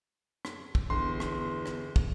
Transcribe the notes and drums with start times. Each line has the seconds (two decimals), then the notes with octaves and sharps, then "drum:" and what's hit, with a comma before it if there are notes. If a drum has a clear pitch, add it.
0.45 drum: rim click
0.75 drum: kick
0.90 G1 E2 C6
1.20 drum: rim click
1.66 drum: rim click
1.96 drum: kick